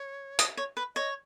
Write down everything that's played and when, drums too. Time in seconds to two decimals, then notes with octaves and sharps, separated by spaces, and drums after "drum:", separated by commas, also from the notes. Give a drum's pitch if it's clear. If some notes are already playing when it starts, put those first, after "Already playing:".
Already playing: C#5
0.39 D#5, drum: hi-hat
0.57 C#5
0.77 B4
0.95 C#5 D#5